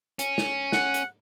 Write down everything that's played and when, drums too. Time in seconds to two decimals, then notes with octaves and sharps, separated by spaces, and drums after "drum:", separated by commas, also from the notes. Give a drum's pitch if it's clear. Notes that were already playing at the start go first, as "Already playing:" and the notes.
0.19 C#4, drum: hi-hat
0.38 drum: snare
0.72 F#5, drum: snare
0.94 drum: hi-hat